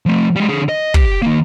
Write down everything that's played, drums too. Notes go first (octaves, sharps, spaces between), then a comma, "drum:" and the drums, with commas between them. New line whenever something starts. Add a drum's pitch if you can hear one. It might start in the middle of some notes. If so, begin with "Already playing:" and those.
F3 A3
G3 G#3
D3 G#4
D#5
G4, drum: kick
D#3 A#3